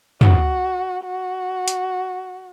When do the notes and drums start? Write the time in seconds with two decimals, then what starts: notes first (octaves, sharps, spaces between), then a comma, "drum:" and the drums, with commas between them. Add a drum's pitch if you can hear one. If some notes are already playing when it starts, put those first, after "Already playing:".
0.21 F#4, drum: tom
1.04 F#4
1.68 drum: hi-hat